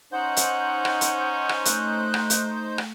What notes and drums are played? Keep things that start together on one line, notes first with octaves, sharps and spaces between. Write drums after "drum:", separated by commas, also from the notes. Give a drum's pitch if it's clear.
C#4 D#4 C5 F#5 G6
drum: hi-hat
drum: rim click
drum: hi-hat
drum: rim click
A3 F#6, drum: hi-hat
drum: rim click
drum: hi-hat
drum: rim click